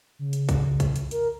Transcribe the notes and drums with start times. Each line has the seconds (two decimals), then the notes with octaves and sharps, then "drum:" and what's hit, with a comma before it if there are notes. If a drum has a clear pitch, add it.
0.19 C#3
0.33 drum: hi-hat
0.49 drum: kick, hi-hat
0.80 drum: kick, hi-hat
0.96 drum: hi-hat
1.11 A#4, drum: hi-hat